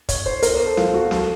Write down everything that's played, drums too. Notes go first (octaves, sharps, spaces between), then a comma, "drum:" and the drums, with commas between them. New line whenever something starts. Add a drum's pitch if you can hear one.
C#5, drum: kick, hi-hat
C5
A#4, drum: hi-hat
C5
A4
F4, drum: snare
A4
F#4
A4, drum: snare